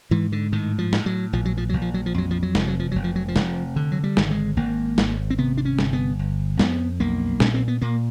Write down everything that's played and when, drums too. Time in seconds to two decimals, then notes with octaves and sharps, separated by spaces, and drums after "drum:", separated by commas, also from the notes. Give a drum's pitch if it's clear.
0.11 G#2 E3
0.32 D3
0.52 A2 D#3
0.78 F3
0.93 A2, drum: snare
1.06 F#3
1.33 A#1 F3
1.45 F#3
1.57 F3
1.69 A#1 F#3
1.82 F3
1.94 F#3
2.06 F3
2.14 F2 F#3
2.31 F3
2.43 F#3
2.55 F1 F3, drum: snare
2.68 F#3
2.79 F3
2.92 F1 F#3
3.04 F3
3.16 F#3
3.28 F3
3.36 F1, drum: snare
3.76 D3
3.92 F#3
4.04 G3
4.17 G#1, drum: snare
4.31 G#3
4.57 G#1 A#3
4.98 G#1, drum: snare
5.30 C4
5.38 C3 B3
5.57 D4
5.65 C#4
5.79 G1, drum: snare
5.93 B3
6.19 G1
6.59 F2 B3, drum: snare
7.00 B1 A#3
7.40 A#2 C#4, drum: snare
7.54 C4
7.68 B3
7.81 A#2 A#3